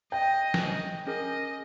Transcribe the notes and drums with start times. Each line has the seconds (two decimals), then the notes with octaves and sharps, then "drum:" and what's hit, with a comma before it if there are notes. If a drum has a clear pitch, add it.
0.12 D#5 G5
0.54 drum: snare
1.07 C#4 G#4 A#4 D#5